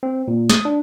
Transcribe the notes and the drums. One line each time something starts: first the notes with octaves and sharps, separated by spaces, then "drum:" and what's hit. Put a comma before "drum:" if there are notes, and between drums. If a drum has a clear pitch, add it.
C4
A#2
D#6, drum: snare
D4